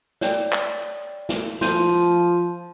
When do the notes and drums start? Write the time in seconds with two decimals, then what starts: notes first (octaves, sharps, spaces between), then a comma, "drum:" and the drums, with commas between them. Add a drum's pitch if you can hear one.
0.21 C#5 D5 G5, drum: snare
0.52 drum: clap
1.29 drum: snare
1.61 F3 C6 G6 D#7, drum: snare